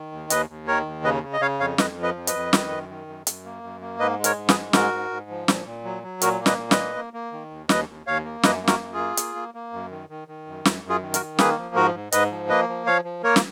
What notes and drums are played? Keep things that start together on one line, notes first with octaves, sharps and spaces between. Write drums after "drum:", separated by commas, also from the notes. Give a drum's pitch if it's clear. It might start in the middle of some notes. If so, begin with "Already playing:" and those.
Already playing: D#3
D#2
D#2 B4 D#5, drum: hi-hat
D#2
D#3 A#4 C#5
D#2
C#3 B4 D#5
C#3
D#5
C#3 C#5 F5
F2 C#5 F5
F2 B4 D#5, drum: snare
F3
B4 D#5
F2
B4 D#5, drum: hi-hat
F2
D#3, drum: snare
F#2
D#3
F#2
F#2, drum: hi-hat
A#3
F#2
A#3
G#2 B4 D#5
G#3
A#4 C#5, drum: hi-hat
G#2
G#4 B4, drum: snare
G#3
G#2 F#4 A#4, drum: snare
G#2
G#2
F3
A#2, drum: snare
A#2
F#3
F#3
A#2 F#4 A#4, drum: hi-hat
A#3
B4 D#5, drum: snare
A#2
B4 D#5, drum: snare
A#3
A#3
A#3
D#3
D#2
D#2 B4 D#5, drum: snare
D#2
D#2 C#5 F5
A#3
F#2 B4 D#5, drum: snare
A#3
F#4 A#4, drum: snare
F#2
F4 G#4
A#3
A#3, drum: hi-hat
A#3
A#3
F#2
D#3
D#3
D#3
F#2
F#2, drum: snare
F#2
F4 G#4
D#3
F#4 A#4, drum: hi-hat
D#3
A#3 G#4 B4, drum: snare
F3
G#2 F#4 A#4
G#2
G#2 B4 D#5, drum: hi-hat
F3
A#3 B4 D#5
F3
F3 C#5 F5
F3
A#3 A#4 C#5
drum: snare